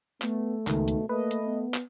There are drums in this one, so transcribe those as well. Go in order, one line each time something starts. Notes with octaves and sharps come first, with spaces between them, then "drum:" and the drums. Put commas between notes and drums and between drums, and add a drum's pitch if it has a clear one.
A3 B3, drum: clap
C#2 B2 D#3 A3, drum: clap
drum: hi-hat
A3 A#3 B4 D#5
drum: hi-hat
B3
drum: clap